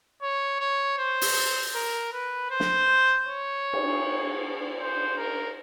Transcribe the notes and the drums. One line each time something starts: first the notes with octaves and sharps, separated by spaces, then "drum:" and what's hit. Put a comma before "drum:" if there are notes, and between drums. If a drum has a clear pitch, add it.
C#5
C#5
C5
drum: open hi-hat
A#4
B4
C5
drum: snare
C#5
drum: cymbal
C5
A#4